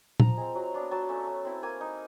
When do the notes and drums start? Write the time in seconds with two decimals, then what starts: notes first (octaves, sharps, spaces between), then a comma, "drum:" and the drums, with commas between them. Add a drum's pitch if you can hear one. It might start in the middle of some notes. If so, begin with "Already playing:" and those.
0.20 F3 A#5, drum: tom A#2
0.37 G#3 C4
0.55 F#3
0.74 B3 D4 F4
0.91 F#3 A5
1.09 A3 C#4
1.27 A3
1.45 C4 E4
1.63 A#3 G#5
1.81 D#4